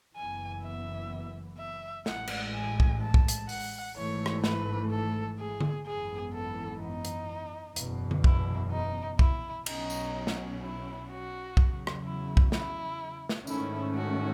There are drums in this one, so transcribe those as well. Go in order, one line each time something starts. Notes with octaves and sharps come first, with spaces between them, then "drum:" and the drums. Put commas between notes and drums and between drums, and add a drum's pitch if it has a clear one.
F#1 F#2 E3 B3 G#5
E5
E5
A1 A2 G#3 F#5, drum: snare
drum: cymbal
G#5
drum: kick B1
A5
drum: kick B1
drum: hi-hat
F#5, drum: open hi-hat
G#1 G#2 E3 A3 C#5
drum: rim click
B4, drum: snare
A4
G#4
drum: tom D3
G#1 F#2 E3 B3 G#4
A4
D#4
drum: hi-hat
F#1 E2 B2, drum: hi-hat
drum: tom D3
E4, drum: kick B1
D#4
E4, drum: kick B1
B1 B2 F#3 C#4 D#4, drum: cymbal
drum: tambourine
drum: snare
E4
F#4
E2 C#3 F#3, drum: kick B1
drum: rim click
E4
drum: kick B1
E4, drum: snare
drum: snare
G#2 D#3 A3 C#4 E4, drum: tambourine
F#4